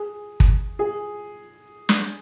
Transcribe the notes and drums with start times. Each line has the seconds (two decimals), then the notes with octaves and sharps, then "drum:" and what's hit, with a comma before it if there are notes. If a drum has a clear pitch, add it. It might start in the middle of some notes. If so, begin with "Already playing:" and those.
Already playing: G#4
0.40 drum: kick
0.79 G#4
1.89 drum: snare